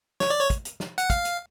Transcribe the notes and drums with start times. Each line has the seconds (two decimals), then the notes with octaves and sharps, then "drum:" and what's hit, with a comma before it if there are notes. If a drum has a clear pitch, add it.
0.20 C#5, drum: snare
0.30 D5
0.41 C#5
0.50 drum: kick, hi-hat
0.65 drum: hi-hat
0.80 drum: snare
0.98 F#5, drum: hi-hat
1.10 F5, drum: kick, hi-hat
1.25 drum: hi-hat